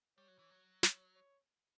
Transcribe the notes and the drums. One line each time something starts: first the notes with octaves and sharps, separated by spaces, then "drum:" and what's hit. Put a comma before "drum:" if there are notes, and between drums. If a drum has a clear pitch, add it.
G3 C#5
F#3
E3
F#3
C#5, drum: snare
C#5